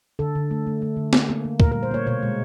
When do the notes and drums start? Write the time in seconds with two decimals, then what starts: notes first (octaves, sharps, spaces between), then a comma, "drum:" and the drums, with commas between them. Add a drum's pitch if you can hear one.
0.19 D3 A4
0.35 D3
0.51 A3
0.67 A3
0.82 A3
0.97 D3
1.13 A#3, drum: snare
1.29 A#3
1.44 A#3
1.60 A#2 A#4, drum: kick
1.72 G3 A#4
1.83 C5
1.91 A#3 C#5
2.07 B2 C#5
2.23 G#3